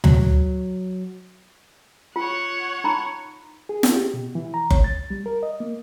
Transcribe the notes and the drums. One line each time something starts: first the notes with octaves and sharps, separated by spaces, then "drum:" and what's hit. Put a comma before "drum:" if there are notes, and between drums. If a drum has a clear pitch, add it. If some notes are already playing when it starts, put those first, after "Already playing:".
F#3, drum: tom D2
F4 C#5 F#5
D#4 A#5 B5
G#4
drum: snare
G4
B2
E3
A#5
C#5, drum: kick F#1
A6
G3
A#4
D#5
A#3